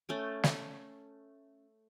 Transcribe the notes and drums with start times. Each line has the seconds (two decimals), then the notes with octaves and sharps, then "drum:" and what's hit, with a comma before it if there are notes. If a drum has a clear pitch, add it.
0.09 A3 C#4 G5
0.43 drum: snare